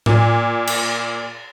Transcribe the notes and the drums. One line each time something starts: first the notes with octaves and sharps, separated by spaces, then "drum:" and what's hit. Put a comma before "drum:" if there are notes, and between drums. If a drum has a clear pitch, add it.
A#2, drum: tom A2
drum: cymbal